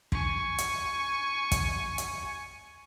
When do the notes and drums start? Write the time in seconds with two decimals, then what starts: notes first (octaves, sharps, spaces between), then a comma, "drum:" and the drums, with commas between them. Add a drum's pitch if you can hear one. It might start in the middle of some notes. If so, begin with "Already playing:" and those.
0.12 G#5 C#6, drum: kick
0.58 drum: hi-hat
1.51 drum: kick, hi-hat
1.98 drum: hi-hat